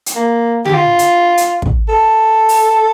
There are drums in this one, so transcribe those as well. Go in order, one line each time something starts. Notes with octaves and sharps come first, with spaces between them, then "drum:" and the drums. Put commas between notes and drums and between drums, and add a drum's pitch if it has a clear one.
drum: hi-hat
A#3
G4, drum: tom D3
F4
drum: hi-hat
drum: hi-hat
drum: kick
A4
drum: open hi-hat